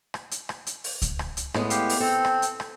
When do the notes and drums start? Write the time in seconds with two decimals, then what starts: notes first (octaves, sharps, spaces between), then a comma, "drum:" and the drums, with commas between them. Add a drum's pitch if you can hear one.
0.14 drum: rim click
0.31 drum: hi-hat
0.49 drum: rim click
0.67 drum: hi-hat
0.84 drum: open hi-hat
1.02 drum: kick C#2, hi-hat
1.19 drum: rim click
1.37 drum: hi-hat
1.54 A2 G#3 B3, drum: rim click
1.70 G4 F5, drum: hi-hat
1.89 drum: open hi-hat
2.00 C4 A4
2.25 drum: rim click
2.42 drum: hi-hat
2.60 drum: rim click